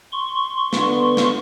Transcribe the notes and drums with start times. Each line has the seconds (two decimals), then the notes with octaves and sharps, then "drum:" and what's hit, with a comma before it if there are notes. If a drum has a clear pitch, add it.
0.12 C6 C#6
0.73 D3 B3, drum: snare
1.17 drum: snare